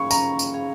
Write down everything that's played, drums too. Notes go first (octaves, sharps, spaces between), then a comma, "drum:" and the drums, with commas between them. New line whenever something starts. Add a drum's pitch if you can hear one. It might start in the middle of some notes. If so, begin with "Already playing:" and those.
Already playing: C#4 G#4 F5 C#6
C#4 A#5, drum: tambourine
drum: tambourine
G#4 F5